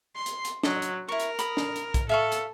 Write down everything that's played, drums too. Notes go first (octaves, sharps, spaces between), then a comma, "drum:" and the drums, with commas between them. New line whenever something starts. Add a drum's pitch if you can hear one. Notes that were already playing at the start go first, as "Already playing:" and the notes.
C6
drum: hi-hat
drum: hi-hat
F#3 D#5, drum: snare
drum: hi-hat
E4 A#4 C#6
drum: hi-hat
B5 D#6, drum: hi-hat
drum: snare
drum: hi-hat
drum: kick B1, hi-hat
A4 E5 F5 C#6
drum: hi-hat